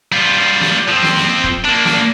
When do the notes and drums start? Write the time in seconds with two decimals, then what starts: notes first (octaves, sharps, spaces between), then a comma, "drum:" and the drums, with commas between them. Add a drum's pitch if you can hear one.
0.12 G3 F4
0.61 drum: snare
0.89 F3 C4
1.03 drum: snare
1.16 drum: snare
1.44 drum: kick
1.65 A#3 D4
1.85 drum: snare